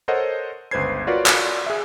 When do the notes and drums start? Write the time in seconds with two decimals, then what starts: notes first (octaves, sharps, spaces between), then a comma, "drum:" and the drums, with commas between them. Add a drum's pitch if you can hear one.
0.08 A4 A#4 C5 C#5 D#5 F#5
0.71 G1 C#2 B4 C5 G#6 C7
1.07 F4 F#4 A#4 B4 C#5 D5
1.26 drum: clap
1.66 G#4 E5